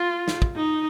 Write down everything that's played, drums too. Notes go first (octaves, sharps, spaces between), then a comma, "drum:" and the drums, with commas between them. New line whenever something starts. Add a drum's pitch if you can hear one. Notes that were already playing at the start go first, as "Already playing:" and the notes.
Already playing: F4
drum: snare
drum: kick
D#4